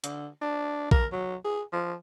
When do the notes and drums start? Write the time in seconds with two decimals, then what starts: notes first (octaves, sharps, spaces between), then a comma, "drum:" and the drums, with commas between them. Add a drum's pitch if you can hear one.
0.04 D3, drum: hi-hat
0.42 D4
0.91 A#4, drum: kick A#1
1.12 F#3
1.44 G#4
1.72 F3